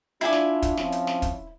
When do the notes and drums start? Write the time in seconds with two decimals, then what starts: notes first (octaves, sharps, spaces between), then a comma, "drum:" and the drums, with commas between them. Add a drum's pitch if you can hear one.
0.21 D4 E4 F4 G#5 D6
0.33 drum: snare
0.62 drum: kick, hi-hat
0.77 F3 C4 C#4, drum: snare
0.92 drum: hi-hat
1.07 drum: snare
1.22 drum: kick, hi-hat